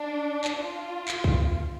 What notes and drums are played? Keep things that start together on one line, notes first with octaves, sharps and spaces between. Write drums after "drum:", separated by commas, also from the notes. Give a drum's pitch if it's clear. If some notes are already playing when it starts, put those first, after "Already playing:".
Already playing: D4
drum: clap
F4
drum: clap
drum: kick C2